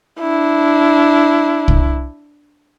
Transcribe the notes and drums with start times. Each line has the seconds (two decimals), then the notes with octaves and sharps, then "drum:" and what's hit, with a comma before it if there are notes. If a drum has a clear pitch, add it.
0.20 D4 E4
1.68 drum: kick